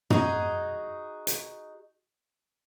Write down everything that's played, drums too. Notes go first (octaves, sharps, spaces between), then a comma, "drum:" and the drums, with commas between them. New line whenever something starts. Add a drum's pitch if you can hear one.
D#4 F#4 G#4, drum: tom
drum: hi-hat